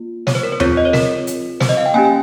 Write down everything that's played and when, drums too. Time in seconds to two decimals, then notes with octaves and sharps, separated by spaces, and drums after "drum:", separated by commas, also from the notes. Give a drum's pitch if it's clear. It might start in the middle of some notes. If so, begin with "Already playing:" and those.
Already playing: A#3 F4
0.27 C#5, drum: snare
0.35 C5
0.43 A#4
0.52 C5
0.60 C4 F4 G#4 C#5, drum: tom D#2
0.77 D#5
0.85 C#5
0.93 A#4, drum: snare
1.27 drum: hi-hat
1.60 C5, drum: snare
1.69 D#5
1.77 F5
1.86 G5
1.94 A#3 C#4 G4 G#5
2.05 G#5